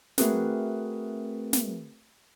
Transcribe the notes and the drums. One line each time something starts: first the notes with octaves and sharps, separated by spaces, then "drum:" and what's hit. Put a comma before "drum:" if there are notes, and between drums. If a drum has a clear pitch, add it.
A3 C4 F#4 G#4 A#4 B4, drum: snare
drum: snare